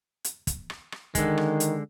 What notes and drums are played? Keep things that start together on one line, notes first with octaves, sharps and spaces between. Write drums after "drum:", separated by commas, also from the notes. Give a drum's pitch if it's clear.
drum: hi-hat
drum: kick, hi-hat
drum: rim click
drum: rim click
D3 D#3 G#3, drum: kick, hi-hat
drum: rim click
drum: hi-hat